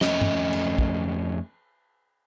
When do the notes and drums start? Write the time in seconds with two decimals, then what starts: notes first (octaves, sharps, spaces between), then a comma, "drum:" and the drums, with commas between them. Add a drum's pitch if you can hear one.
0.01 F2 A3 C#4 D#5, drum: snare
0.21 drum: tom
0.53 drum: cymbal
0.78 drum: kick